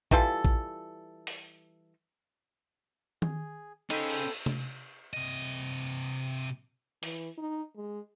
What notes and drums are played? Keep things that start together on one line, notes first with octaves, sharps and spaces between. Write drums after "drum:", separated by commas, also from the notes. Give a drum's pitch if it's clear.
E3 G3 F4 A4, drum: kick A1
drum: kick A1
drum: open hi-hat
G#4, drum: tom D#3
C#4 D#4 G#4 A4 C5 G5 B5, drum: cymbal
drum: cymbal
drum: tom C3
C3 D#5
E3, drum: open hi-hat
D#4
G#3